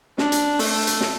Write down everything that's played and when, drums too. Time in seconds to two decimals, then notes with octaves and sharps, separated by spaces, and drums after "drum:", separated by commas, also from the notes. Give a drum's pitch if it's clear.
0.18 D4, drum: snare
0.32 drum: hi-hat
0.59 A3, drum: open hi-hat
0.87 drum: hi-hat
1.01 drum: snare